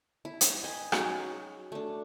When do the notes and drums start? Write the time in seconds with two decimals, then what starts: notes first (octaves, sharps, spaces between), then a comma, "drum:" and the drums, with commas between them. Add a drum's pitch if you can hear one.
0.25 E4
0.41 drum: hi-hat
0.64 B4 D#5 G5 G#5
0.92 F#3 C#4 D#4 G#4, drum: rim click
1.72 A3 D4